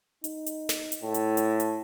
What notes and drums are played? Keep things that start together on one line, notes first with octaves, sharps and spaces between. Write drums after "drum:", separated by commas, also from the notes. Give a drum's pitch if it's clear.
D#4, drum: hi-hat
drum: hi-hat
drum: snare
drum: hi-hat
A2
drum: hi-hat
drum: hi-hat
drum: hi-hat